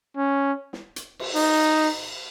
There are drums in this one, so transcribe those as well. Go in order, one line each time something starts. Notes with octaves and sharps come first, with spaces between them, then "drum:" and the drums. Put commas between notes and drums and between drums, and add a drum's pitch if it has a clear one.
C#4
drum: snare
drum: hi-hat
drum: cymbal
D#4, drum: open hi-hat